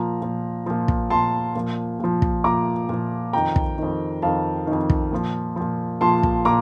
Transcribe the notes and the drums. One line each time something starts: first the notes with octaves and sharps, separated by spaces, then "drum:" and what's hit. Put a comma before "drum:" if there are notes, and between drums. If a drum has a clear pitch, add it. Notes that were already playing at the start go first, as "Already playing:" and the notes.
Already playing: A#2 F3 A#5
A#2 F3
A#2 F3
drum: kick
A#2 F3 A5 C6
A#2 F3
A#2 F3
drum: kick
A#2 F3 A#5 D6
A#2 F3
F2 D#3 G5 A#5
drum: kick
F2 D#3
F2 D#3 F5 A5
F2 D#3
drum: kick
A#2 F3
A#2 F3
A#2 F3 A5 C6
drum: kick
A#2 A#5 D6